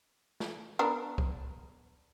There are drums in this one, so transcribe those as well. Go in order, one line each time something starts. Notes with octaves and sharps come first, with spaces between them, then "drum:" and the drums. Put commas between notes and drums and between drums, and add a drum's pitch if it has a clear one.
drum: snare
B3 D4 A#4
drum: kick C2